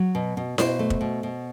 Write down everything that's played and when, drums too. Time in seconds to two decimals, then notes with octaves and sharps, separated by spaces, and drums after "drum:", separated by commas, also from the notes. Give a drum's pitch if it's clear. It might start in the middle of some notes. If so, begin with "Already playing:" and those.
Already playing: F#3
0.15 B2
0.37 B2
0.58 B2 C5, drum: snare E4
0.79 A3
0.90 drum: kick
1.01 B2
1.23 B2